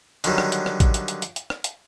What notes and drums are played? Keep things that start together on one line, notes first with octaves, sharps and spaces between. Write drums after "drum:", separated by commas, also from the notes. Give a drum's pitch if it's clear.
D3 D#3 F#3 G3, drum: hi-hat
drum: rim click
drum: hi-hat
drum: rim click
drum: kick A1, hi-hat
drum: hi-hat
drum: hi-hat
drum: hi-hat
drum: hi-hat
drum: rim click
drum: hi-hat